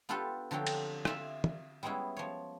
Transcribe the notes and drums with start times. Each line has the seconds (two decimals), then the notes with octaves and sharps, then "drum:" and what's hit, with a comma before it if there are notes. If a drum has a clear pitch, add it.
0.09 B3 D4 F4 G4 A4 B4
0.51 D3 F3 F#3 C4 G4
0.67 drum: cymbal
1.05 F4 E5, drum: rim click
1.44 drum: tom
1.83 G3 G#3 B3 C#4 E4
2.17 F3 C#5